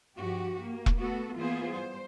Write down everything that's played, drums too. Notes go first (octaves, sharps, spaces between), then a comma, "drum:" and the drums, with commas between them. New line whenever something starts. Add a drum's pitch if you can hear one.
G2 F3 F#4 G4
A#3
drum: kick E1
A3 B3 F#4 A4
E3 A#3 B3 F4 G#4 C5
G3 C5